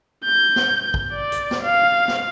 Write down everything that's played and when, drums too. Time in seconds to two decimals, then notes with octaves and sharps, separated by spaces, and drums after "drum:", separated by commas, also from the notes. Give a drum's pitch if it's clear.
0.24 G6
0.56 drum: snare
0.94 drum: kick
1.13 D5
1.32 drum: hi-hat
1.51 drum: snare
1.63 F5
2.08 drum: snare